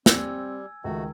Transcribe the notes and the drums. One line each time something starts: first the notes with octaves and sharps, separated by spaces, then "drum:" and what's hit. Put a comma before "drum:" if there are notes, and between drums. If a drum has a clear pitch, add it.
G3 C4 G#5 E6 G#6, drum: snare
C#2 D#3 A3 F#4